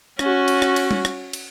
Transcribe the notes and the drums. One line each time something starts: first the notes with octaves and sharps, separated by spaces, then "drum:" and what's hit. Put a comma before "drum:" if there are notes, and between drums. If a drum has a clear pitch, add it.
C#4 F#4, drum: rim click
drum: cymbal
drum: rim click
drum: cymbal
drum: tom
drum: rim click
drum: cymbal